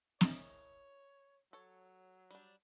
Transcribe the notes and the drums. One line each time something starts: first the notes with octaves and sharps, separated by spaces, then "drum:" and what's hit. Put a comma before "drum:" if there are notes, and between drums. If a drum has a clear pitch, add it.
E4 A#4 C#5 D#5, drum: snare
F#3 A4 C#5
G3 D4